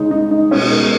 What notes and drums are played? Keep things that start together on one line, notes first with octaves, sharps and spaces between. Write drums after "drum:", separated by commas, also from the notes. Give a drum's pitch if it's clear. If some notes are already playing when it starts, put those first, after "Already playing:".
Already playing: C#3 G#3 D#4
D#4
D#4
B2 G#3 C#4, drum: cymbal
A#4